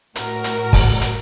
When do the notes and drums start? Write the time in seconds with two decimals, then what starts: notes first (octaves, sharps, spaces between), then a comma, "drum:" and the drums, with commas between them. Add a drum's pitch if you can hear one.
0.16 A2 F#4 A#4, drum: hi-hat
0.44 drum: hi-hat
0.73 drum: kick, open hi-hat
1.01 drum: hi-hat